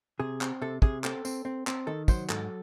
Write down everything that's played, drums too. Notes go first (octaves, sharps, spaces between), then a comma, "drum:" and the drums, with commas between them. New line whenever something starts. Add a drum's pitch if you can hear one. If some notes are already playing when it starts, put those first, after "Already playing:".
C3 G#4
C4, drum: clap
C3 A4
C3 G#4, drum: kick
C4 A4, drum: clap
C4, drum: tambourine
C4
C4, drum: clap
D#3 A4
F#3 C5, drum: kick, tambourine
G#2 A4, drum: clap